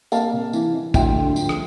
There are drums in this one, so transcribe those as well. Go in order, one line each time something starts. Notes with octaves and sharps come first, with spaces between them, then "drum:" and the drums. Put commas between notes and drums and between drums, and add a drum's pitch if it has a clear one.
A#3 F5 A5, drum: tambourine
C3
E3, drum: tambourine
E3
D2 E5 G5, drum: kick, tambourine
D3
F3, drum: tambourine
drum: rim click